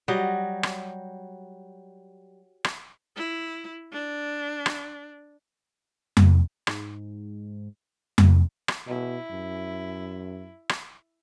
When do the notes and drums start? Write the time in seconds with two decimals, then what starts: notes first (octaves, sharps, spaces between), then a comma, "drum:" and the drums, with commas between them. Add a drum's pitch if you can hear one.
0.08 F#3 G3 D#5
0.63 drum: rim click
2.64 drum: rim click
3.16 E4
3.92 D4
4.66 drum: rim click
6.17 drum: tom F2
6.67 G#2, drum: rim click
8.18 drum: tom F2
8.68 drum: rim click
8.87 B2 E4
9.30 F#2
10.69 drum: rim click